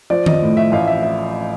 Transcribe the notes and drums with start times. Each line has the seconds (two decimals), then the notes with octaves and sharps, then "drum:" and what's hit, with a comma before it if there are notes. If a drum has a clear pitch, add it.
0.10 F3 D5
0.26 D#5, drum: tom D#3
0.42 A2
0.57 E5
0.72 A1 F5
0.87 E5
1.02 E5